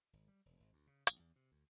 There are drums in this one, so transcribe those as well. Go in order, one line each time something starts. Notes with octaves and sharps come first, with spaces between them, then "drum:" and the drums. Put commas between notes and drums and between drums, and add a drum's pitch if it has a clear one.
G#1
G3
E1
G#1
D2
C#3
A1, drum: hi-hat
E2
C3
D2